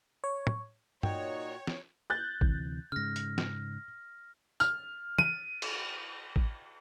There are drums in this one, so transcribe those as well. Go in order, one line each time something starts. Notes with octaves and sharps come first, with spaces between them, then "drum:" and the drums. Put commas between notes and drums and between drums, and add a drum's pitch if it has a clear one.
C#5
drum: tom
A#2 D#4 F#4 C#5 G5, drum: tom
drum: snare
F#6 G6 A6
D2 C3 E3, drum: kick A1
G#2 C#3 F6 A#6
drum: hi-hat
drum: snare
F6, drum: tambourine
D#7, drum: tom
drum: cymbal
drum: kick A1